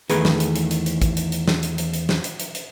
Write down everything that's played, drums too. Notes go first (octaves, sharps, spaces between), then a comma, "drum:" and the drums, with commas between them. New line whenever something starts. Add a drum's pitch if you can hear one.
E2 D#3 A3 G#4 B4 A#5, drum: hi-hat
drum: snare
drum: hi-hat
drum: hi-hat
drum: hi-hat
drum: hi-hat
drum: kick A1, hi-hat
drum: hi-hat
drum: hi-hat
drum: snare
drum: hi-hat
drum: hi-hat
drum: hi-hat
drum: snare
drum: hi-hat
drum: hi-hat
drum: hi-hat